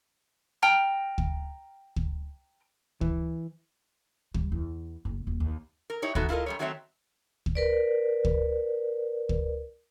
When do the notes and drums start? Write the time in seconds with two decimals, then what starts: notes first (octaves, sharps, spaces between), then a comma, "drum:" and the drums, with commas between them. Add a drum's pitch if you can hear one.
0.62 G5 A#5 F6
1.18 drum: kick
1.96 drum: kick
3.01 E3, drum: kick
4.34 G3, drum: kick
4.52 E2
5.05 F#1
5.27 D#1
5.40 D#2
5.90 A#4
6.02 D#4 E4 G4 C#5
6.15 E3 B3 D#4 F#4 A4, drum: kick
6.29 E4 F4 A4 A#4 D#5
6.46 F#2 G3 C#5
6.59 D#3 F#3 A3 C4 C#5 E5
7.46 drum: kick
7.55 A#4 B4 D5
8.25 drum: kick
9.29 drum: kick